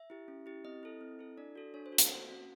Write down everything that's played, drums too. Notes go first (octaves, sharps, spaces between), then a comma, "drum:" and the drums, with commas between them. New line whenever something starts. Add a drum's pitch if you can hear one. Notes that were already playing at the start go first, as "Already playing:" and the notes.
Already playing: E5
E4 G4
C#4
E4 G4
C4 D#5
E4 A4
C4
E4 A4
D4 D5
F#4 A4
D4 C#5
C5
F#4 A4
C5, drum: hi-hat
A#3 F#5
C#4 F#4